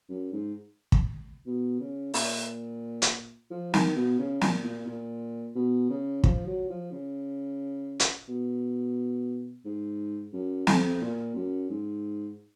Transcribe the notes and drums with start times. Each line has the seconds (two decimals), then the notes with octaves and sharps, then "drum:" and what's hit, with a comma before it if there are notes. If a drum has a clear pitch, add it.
0.09 F#2
0.32 G#2
0.92 drum: kick
1.46 B2
1.80 C#3
2.14 A#2, drum: open hi-hat
3.02 drum: hi-hat
3.51 F3
3.74 D#3, drum: snare
3.96 B2
4.19 C#3
4.41 A#2, drum: snare
4.64 A#2
4.87 A#2
5.55 B2
5.90 C#3
6.24 F3, drum: kick
6.47 F#3
6.69 F3
6.91 C#3
8.00 drum: hi-hat
8.28 B2
9.65 G#2
10.33 F#2
10.67 F2, drum: snare
11.01 A#2
11.35 F#2
11.70 G#2